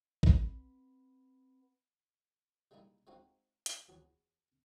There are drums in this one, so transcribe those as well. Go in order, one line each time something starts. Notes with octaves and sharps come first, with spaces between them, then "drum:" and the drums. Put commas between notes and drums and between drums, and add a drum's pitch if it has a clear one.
C4 B4 F#5 B5, drum: kick
G3 G#3 A#3 D#4 E4
G#3 C4 D#4 F#4 C5 F5
drum: hi-hat
E2 F#3 G#4